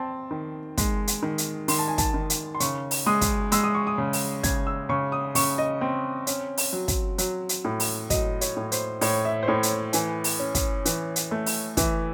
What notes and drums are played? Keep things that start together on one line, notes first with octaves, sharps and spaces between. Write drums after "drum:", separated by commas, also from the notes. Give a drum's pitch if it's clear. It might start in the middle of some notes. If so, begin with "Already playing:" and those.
Already playing: C4 A5
D#3
G#3, drum: kick, hi-hat
drum: hi-hat
D#3
drum: hi-hat
D#3 C6, drum: open hi-hat
A5
G#5
A5, drum: kick, hi-hat
D#3
drum: hi-hat
C6
C#3 C#6, drum: hi-hat
drum: open hi-hat
G#3 D#6
drum: kick, hi-hat
G#3 E6, drum: hi-hat
D#6
C#6
D#6
C#3
drum: open hi-hat
C#3 G#6, drum: kick, hi-hat
E6
C#3 C#6
D#6
C#3 C#6, drum: open hi-hat
D#5
C4
C#4, drum: hi-hat
drum: open hi-hat
F#3
drum: kick, hi-hat
F#3, drum: hi-hat
drum: hi-hat
A2
drum: open hi-hat
F#3 D#5, drum: kick, hi-hat
C#5, drum: hi-hat
A2
C5, drum: hi-hat
A2 C#5, drum: open hi-hat
E5
C5
A2 C#5
drum: hi-hat
E3 G#5, drum: hi-hat
drum: open hi-hat
C#4
drum: kick, hi-hat
E3, drum: hi-hat
drum: hi-hat
A3
drum: open hi-hat
E3 E5, drum: kick, hi-hat